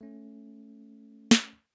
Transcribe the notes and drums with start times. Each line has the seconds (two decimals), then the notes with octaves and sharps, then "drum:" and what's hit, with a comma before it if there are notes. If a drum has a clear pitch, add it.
0.01 A3 C#4
1.31 drum: snare